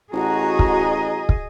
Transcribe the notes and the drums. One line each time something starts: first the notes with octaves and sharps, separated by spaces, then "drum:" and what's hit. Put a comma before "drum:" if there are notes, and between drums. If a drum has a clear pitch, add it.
A1 F#4 G#4 D#5 A#5
drum: kick
drum: kick